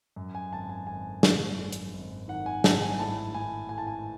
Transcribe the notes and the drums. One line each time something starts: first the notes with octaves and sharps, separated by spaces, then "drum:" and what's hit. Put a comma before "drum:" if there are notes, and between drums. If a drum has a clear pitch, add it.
F#2
G#5
G#1 A5
G#5
G#1 G#5
G#1, drum: snare
F#2
drum: hi-hat
G#1
D#3 F#5
G#5
G#1 A5, drum: snare
G#5
A2 A5
A2 G#5
A2 G#5
A5
G#5